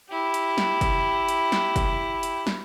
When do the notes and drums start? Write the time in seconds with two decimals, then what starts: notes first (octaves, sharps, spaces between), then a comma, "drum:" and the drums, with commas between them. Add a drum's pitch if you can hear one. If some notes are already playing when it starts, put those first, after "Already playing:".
0.10 E4 G4
0.34 drum: hi-hat
0.58 drum: snare
0.81 drum: kick, hi-hat
1.28 drum: hi-hat
1.52 drum: snare
1.76 drum: kick, hi-hat
2.23 drum: hi-hat
2.47 drum: snare